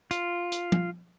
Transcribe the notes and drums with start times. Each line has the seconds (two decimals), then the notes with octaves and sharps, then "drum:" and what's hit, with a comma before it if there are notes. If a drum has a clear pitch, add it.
0.11 F4, drum: hi-hat
0.52 drum: hi-hat
0.72 drum: tom